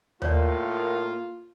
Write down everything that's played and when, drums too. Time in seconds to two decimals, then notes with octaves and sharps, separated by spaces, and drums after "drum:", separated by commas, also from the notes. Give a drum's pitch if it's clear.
0.22 A2 A#3 F4 C#5 D5, drum: tom D#2